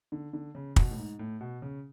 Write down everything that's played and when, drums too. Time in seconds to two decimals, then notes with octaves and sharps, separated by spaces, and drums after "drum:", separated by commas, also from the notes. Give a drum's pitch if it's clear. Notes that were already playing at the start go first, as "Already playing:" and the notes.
0.12 D3
0.33 D3
0.55 C#3
0.76 B2, drum: kick
0.91 A2
0.98 G#2
1.19 A2
1.41 B2
1.62 C#3